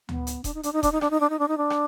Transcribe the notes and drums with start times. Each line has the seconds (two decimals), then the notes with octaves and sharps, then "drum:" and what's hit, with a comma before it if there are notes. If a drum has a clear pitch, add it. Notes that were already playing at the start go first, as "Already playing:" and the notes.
0.09 B3, drum: tom D2
0.27 drum: hi-hat
0.44 D4, drum: kick D#1, hi-hat
0.54 D#4
0.63 D4, drum: hi-hat
0.73 D#4
0.83 D4, drum: kick D#1, hi-hat
0.92 D#4
1.01 D4, drum: rim click
1.11 D#4
1.20 D4
1.30 D#4
1.39 D4
1.48 D#4
1.58 D4
1.70 drum: rim click